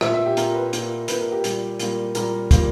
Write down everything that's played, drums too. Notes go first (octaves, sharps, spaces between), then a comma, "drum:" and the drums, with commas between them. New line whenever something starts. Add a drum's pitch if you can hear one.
A#2 A#3 E5, drum: rim click
E5
G4
A#2 A#3 A#4, drum: hi-hat
B4
A#2 A#3, drum: hi-hat
A#2 A#3 B4, drum: hi-hat
A#4
G4
A#2 G3 A#3, drum: hi-hat
A#2 G3 A#3, drum: hi-hat
A#2 G3 A#3 A#4, drum: hi-hat
A#2 G3 A#3, drum: kick, hi-hat